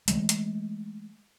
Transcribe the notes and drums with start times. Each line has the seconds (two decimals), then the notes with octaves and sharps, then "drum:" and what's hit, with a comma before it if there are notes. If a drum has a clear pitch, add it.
0.08 E3 G#3 A3, drum: hi-hat
0.29 drum: hi-hat